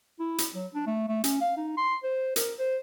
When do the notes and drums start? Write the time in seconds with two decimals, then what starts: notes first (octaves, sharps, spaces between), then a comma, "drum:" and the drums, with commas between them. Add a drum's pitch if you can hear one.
0.19 E4
0.38 drum: hi-hat
0.55 F#3
0.74 D4
0.86 A3
1.08 A3
1.24 C#4, drum: hi-hat
1.41 F5
1.57 D#4
1.77 C6
2.03 C5
2.36 A#4, drum: hi-hat
2.59 C5